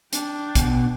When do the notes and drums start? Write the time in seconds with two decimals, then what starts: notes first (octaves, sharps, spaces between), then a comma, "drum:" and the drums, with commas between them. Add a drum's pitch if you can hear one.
0.13 D4 G5, drum: hi-hat
0.55 B2, drum: kick, hi-hat